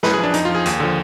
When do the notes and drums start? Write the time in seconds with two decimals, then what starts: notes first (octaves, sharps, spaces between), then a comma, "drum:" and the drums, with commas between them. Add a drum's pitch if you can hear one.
0.03 F#2 B4, drum: snare
0.14 G#4
0.18 F3
0.23 D4
0.34 F2 D#4, drum: hi-hat
0.45 F4
0.49 F3
0.55 G#4
0.66 D#2, drum: hi-hat
0.80 D3 F3